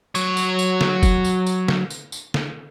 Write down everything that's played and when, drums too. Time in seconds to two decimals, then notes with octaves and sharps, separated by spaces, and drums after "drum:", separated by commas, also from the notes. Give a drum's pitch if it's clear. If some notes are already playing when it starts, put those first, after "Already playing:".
0.15 F#3 C#5, drum: tambourine
0.37 drum: tambourine
0.59 drum: tambourine
0.81 drum: snare
1.03 drum: kick, tambourine
1.25 drum: tambourine
1.47 drum: tambourine
1.68 drum: snare
1.90 drum: tambourine
2.12 drum: tambourine
2.34 drum: snare